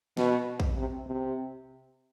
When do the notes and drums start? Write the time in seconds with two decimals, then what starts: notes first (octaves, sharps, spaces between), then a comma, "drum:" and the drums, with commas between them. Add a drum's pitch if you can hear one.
0.17 B2, drum: snare
0.60 drum: kick A#1
0.77 C3
1.07 C3